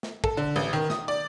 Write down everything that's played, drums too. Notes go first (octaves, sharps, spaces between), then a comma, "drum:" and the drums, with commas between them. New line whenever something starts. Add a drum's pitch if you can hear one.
drum: snare
A4, drum: kick
D3
A1
D#3
D#6, drum: snare
D5